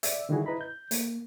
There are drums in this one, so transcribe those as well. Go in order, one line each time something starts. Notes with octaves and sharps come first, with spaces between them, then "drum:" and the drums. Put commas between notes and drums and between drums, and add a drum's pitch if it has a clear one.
D5 E5 E6, drum: hi-hat
D3 D#3 G3 E4 F#4 G#4
E4 B4 D#5 A#5 B5
G6
A#3, drum: hi-hat